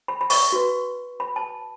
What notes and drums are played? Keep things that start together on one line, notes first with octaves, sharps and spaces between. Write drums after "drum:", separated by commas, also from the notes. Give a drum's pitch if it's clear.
B5
B5
C#6, drum: open hi-hat
F#4 B4
B5
A5